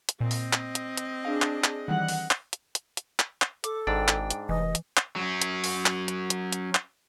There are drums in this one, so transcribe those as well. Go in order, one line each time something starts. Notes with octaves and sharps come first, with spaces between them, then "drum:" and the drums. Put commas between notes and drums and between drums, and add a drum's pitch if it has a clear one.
drum: hi-hat
A#2 C4 D#5
drum: open hi-hat
drum: clap
drum: hi-hat
drum: hi-hat
D4 G#4 F5
drum: clap
drum: clap
D#3 E3 G3 F#5
drum: open hi-hat
drum: clap
drum: hi-hat
drum: hi-hat
drum: hi-hat
drum: clap
drum: clap
A4 D6, drum: hi-hat
G#1 G#2 D4 D5 G5
drum: clap
drum: hi-hat
F1 E3 D#5
drum: hi-hat
drum: clap
F#3 C#4
drum: hi-hat
drum: open hi-hat
drum: clap
drum: hi-hat
drum: hi-hat
drum: hi-hat
drum: clap